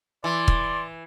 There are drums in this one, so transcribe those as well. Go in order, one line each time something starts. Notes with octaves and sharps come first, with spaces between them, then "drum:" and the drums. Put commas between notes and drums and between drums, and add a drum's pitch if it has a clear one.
E3 D5 C6
drum: kick